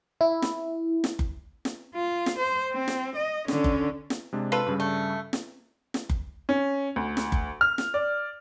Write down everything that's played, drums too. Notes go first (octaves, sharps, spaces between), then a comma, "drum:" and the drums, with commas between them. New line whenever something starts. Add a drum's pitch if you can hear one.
E4
drum: snare
drum: snare
drum: kick F#1
drum: snare
F4
drum: snare
C5
C4
drum: snare
D#5
D3 C#4, drum: snare
drum: kick F#1
drum: snare
C3 G#3 D4
F4 A4 B4
G2 C#3 G3
A3
drum: snare
drum: snare
drum: kick F#1
C#4
D2
drum: snare
drum: kick F#1
F6
drum: snare
D5